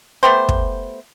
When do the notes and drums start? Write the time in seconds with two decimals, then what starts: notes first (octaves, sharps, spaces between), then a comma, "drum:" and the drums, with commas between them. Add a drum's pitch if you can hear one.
0.23 A3 B3 G4 C5
0.49 drum: kick